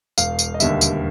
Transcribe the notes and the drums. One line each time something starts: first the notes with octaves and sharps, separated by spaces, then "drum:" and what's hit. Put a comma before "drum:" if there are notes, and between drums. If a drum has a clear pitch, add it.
E1 F5, drum: tambourine
drum: tambourine
D#5
D#2 D3 G3 E5, drum: tambourine
drum: tambourine